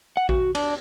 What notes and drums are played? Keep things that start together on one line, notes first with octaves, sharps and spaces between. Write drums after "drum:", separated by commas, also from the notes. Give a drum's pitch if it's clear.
F#5
F#4, drum: kick A1
D4, drum: cymbal